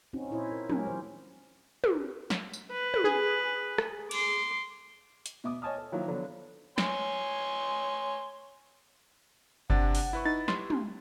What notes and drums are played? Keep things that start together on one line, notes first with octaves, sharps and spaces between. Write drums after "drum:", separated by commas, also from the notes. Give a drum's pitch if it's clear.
C4 C#4 D#4 F#4
A#2 E4 C5 C#5 D#5
A#4
F#3 C#4 G4 A#4, drum: tom
E3 C5
drum: tom
drum: snare
drum: tambourine
B4
drum: tom
G#4
drum: rim click
C6 D6, drum: cymbal
drum: hi-hat
B2 E5 D6 D#6
C#5 D#5 G#5 A5 D#6 F6
A4
D#3 F3 F#3 A#3 E4
D3 F#3 B3
C#5 G#5 C6, drum: snare
C3 D4 F#5 A6, drum: kick G1
drum: open hi-hat
E4 B4 C#6
D#4 A6
G4 C6, drum: snare
drum: tom